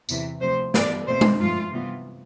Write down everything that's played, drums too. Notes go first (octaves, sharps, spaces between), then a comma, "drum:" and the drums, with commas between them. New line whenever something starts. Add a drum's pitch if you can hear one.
E2 C3 E3, drum: tambourine
D2 C3 F3 C5
G2 E3 B3 D4 D5, drum: snare
B2 A3 C4 C5
drum: tom G#3
G2 F3 A3 F4
C3 E3 G3 B3 F4